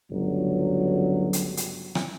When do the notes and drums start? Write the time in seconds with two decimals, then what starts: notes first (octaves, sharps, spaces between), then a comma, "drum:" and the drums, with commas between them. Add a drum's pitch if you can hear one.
0.11 G1 C#2 F#3
1.33 drum: hi-hat
1.57 drum: hi-hat
1.95 drum: rim click